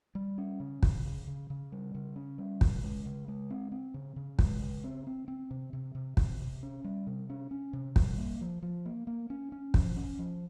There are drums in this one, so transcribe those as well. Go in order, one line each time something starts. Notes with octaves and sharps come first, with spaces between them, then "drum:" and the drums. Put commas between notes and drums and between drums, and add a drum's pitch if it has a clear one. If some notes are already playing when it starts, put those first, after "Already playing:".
G3
C#4
C#3
C#3, drum: kick
C#3
C#3
C#3
G3
C#3
C#4
G3
C#3, drum: kick
G#3
C#3
G#3
C4
C4
C#3
C#3
G#3, drum: kick
C#3
C4
C4
C4
C3
C3
C3
C3, drum: kick
C3
C#4
G3
C3
C#4
C#4
C3
G3, drum: kick
A#3
F3
F3
A#3
A#3
C#4
C#4
F3, drum: kick
C#4
F3